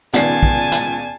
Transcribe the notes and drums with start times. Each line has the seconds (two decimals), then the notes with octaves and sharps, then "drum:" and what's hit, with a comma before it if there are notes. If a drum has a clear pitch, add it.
0.14 C#2 A#2 D#3 B3 D5 G#5 A5 C7, drum: snare
0.43 drum: kick
0.72 drum: snare